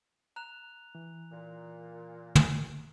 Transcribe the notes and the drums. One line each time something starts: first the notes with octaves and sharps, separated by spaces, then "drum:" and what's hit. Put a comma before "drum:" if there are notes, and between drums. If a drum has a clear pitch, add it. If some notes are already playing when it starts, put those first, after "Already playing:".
A#5 F#6 F7
E3
A#2
drum: tom